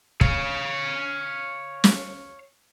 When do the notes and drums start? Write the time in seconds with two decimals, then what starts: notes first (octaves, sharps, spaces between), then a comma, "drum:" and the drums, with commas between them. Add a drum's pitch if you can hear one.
0.21 C#5 F5, drum: kick
1.84 drum: snare